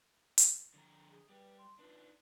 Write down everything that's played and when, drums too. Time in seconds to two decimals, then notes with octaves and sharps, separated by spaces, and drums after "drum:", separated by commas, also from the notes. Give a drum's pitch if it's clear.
0.38 drum: hi-hat
0.74 D3 F3 A#5
1.10 G#4
1.29 G3 G4 B4
1.58 C6
1.79 D4 D#4 F4 B4